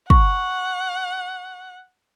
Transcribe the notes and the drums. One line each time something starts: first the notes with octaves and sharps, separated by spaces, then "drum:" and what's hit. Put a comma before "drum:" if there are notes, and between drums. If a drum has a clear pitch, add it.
F#5 C#6, drum: kick